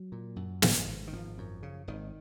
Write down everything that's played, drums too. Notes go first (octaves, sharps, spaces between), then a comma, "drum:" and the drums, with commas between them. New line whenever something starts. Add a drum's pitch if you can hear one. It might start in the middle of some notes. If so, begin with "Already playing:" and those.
Already playing: F#3
A#2
F#2
G#1, drum: snare
G#1
D#3
G#1 F3
F#2
C#3
G#1 D#3